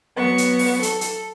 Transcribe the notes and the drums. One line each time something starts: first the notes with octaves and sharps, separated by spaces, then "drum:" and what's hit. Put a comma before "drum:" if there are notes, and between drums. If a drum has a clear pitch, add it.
F#3 B3 C#6
drum: hi-hat
drum: open hi-hat
A4, drum: hi-hat
drum: hi-hat